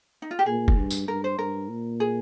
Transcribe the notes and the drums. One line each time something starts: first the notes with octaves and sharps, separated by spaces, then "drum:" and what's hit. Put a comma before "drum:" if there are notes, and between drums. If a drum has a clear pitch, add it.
D#4
F4
G4
A#2 G#4
drum: kick
G2
drum: tambourine
G2 A#4
C5
G2 A#4
A#2
G#4